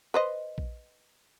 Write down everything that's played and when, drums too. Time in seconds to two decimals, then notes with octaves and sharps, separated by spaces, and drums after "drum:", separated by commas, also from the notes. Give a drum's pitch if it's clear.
0.14 B4 C5 D#5
0.58 drum: kick A#1